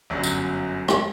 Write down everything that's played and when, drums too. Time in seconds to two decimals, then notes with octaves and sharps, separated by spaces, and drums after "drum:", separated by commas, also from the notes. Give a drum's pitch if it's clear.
0.10 G1 F#2 F#3
0.23 drum: tambourine
0.88 drum: rim click